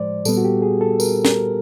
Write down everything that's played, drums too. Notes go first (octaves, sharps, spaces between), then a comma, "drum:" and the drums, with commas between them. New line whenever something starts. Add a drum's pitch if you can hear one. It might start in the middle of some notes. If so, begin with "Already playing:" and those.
Already playing: A2 F3 G#3 C5 D5
A#2 G3 B3 A4, drum: tambourine
F#4
G4
G#4
A4
A#4, drum: tambourine
A#4, drum: snare